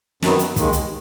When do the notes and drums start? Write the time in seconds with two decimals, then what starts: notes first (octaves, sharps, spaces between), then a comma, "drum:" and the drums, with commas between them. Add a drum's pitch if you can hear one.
0.22 F#2 D#3 F#3 B3, drum: snare
0.39 drum: hi-hat
0.56 D#2 D#3 G#3, drum: kick, hi-hat
0.73 drum: hi-hat